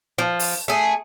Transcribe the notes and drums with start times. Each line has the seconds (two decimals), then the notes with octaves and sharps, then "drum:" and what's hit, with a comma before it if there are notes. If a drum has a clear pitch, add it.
0.18 F3
0.39 drum: open hi-hat
0.68 A3 G#4